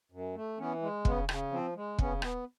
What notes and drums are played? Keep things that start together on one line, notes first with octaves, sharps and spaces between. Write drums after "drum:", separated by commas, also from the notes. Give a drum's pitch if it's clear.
F#2
A3
E3 B3 C#4
G#3
C#3 B3, drum: kick
C#3, drum: rim click
F3 C4
G#3
C#3 B3 C#4, drum: kick
B3, drum: rim click